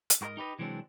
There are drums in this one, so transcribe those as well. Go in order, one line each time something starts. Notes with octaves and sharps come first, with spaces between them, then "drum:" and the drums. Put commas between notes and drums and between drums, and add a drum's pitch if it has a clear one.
drum: hi-hat
G#2 F#4 A#4 C5 D#5 A#5
D#4 G4 B4 D#5
C3 E3 F#3 G#3 C4 D4